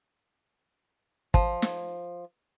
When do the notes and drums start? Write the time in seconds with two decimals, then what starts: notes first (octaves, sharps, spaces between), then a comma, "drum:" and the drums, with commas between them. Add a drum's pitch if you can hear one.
1.34 F3, drum: kick
1.62 drum: snare